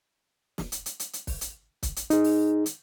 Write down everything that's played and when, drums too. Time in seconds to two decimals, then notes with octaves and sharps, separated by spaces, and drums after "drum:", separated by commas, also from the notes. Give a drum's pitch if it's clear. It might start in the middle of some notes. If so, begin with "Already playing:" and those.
0.58 drum: snare
0.72 drum: hi-hat
0.86 drum: hi-hat
1.00 drum: hi-hat
1.13 drum: hi-hat
1.27 drum: kick, open hi-hat
1.41 drum: hi-hat
1.83 drum: kick, hi-hat
1.96 drum: hi-hat
2.10 D#4 G#4, drum: hi-hat
2.24 drum: open hi-hat
2.66 drum: hi-hat